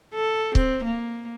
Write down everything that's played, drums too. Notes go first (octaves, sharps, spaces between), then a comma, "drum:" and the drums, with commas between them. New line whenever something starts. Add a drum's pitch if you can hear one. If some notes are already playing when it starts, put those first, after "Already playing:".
A4
C4, drum: kick
A#3